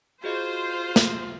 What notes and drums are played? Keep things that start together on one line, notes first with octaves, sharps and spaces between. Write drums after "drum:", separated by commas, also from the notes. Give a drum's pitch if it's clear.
F4 F#4 G#4 C5 D#5
drum: snare